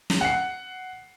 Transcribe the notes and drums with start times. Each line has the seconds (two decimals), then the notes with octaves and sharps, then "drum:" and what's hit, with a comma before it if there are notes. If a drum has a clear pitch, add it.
0.10 drum: snare
0.21 F#5 C7